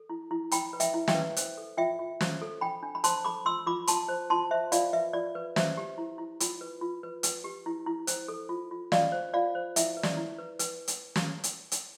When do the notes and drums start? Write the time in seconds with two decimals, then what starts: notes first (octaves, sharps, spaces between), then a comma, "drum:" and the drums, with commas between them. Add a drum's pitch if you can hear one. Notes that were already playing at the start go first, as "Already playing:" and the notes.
Already playing: A4
0.09 E4
0.31 E4
0.51 E4 G5 B5, drum: hi-hat
0.73 B4
0.80 E5 G5, drum: hi-hat
0.94 E4
1.08 E5 G5, drum: snare
1.15 B4
1.36 C5, drum: hi-hat
1.57 A4
1.77 F4 E5 G5
1.99 F4
2.21 C5, drum: snare
2.42 A4
2.61 D4 G5 B5
2.82 D4
2.95 B5
3.04 C5 A5 C6, drum: hi-hat
3.25 A4 B5 D6
3.45 F4 C6 E6
3.67 F4 B5 D6
3.87 F4 A5 C6, drum: hi-hat
4.08 C5
4.30 F4 A5 C6
4.51 C5 E5
4.72 F4 D5 F5, drum: hi-hat
4.93 B4 E5
5.13 F4 D5
5.35 B4
5.56 C5 E5, drum: snare
5.77 G4
5.98 E4
6.18 E4
6.40 F4, drum: hi-hat
6.61 B4
6.81 F4
7.03 B4
7.23 B4, drum: hi-hat
7.44 G4
7.66 E4
7.86 E4
8.07 C5, drum: hi-hat
8.28 A4
8.49 F4
8.71 F4
8.92 F4 D5 F5, drum: snare
9.12 C5
9.34 F4 D5 F5
9.55 C5
9.76 E4 E5, drum: hi-hat
9.97 B4
10.03 D5, drum: snare
10.17 E4
10.39 B4
10.59 B4, drum: hi-hat
10.88 drum: hi-hat
11.16 drum: snare
11.44 drum: hi-hat
11.72 drum: hi-hat